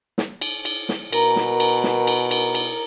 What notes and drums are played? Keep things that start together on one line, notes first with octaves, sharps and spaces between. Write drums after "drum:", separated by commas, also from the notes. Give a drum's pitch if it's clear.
drum: snare
drum: cymbal
drum: cymbal
drum: snare
B2 A#4 A#5, drum: cymbal
drum: snare
drum: cymbal
drum: snare
drum: cymbal
drum: cymbal
drum: cymbal